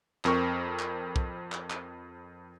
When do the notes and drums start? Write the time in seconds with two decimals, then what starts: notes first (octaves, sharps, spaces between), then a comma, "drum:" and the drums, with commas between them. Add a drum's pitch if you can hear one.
0.25 F2 C4 A#4 C#6, drum: clap
0.79 drum: clap
1.16 drum: kick
1.52 drum: clap
1.70 drum: clap